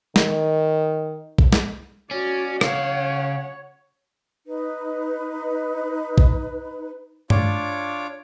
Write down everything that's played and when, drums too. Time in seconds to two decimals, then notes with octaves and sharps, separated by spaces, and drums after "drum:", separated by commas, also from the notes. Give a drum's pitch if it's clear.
0.16 D#3, drum: snare
1.38 drum: kick
1.52 drum: snare
2.11 C#4 F#4 D5
2.61 C#3 C#5 F5 F#5, drum: rim click
4.47 D#4 B4
6.18 drum: kick
7.30 D4 F4 C#5 D6, drum: tom G2